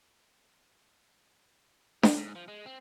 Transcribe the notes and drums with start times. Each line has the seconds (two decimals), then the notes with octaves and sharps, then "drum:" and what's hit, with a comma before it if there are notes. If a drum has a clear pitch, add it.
2.03 E3, drum: snare D4
2.17 G#2
2.35 F3
2.48 G#3
2.66 C4